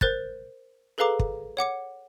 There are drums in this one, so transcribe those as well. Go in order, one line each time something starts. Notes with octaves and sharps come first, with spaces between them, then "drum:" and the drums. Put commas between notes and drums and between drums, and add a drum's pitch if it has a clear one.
A#4 C5 F#6 G6 A6, drum: kick
G#4 A4 B4 F5 A#5 D6
drum: kick
C#5 F#5 D6 C#7